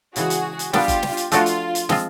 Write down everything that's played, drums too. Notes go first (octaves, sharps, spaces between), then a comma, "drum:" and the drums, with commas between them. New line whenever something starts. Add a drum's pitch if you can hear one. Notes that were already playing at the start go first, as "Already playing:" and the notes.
C#3 E3 G#3 F#4 G#4, drum: hi-hat
drum: hi-hat
drum: hi-hat
G3 B3 D4 F4 G4, drum: snare
drum: kick F#1, hi-hat
drum: snare
drum: hi-hat
F3 A3 D4 F4 F#4 A4, drum: hi-hat
drum: hi-hat
drum: hi-hat
F3 G#3 C4 F4, drum: snare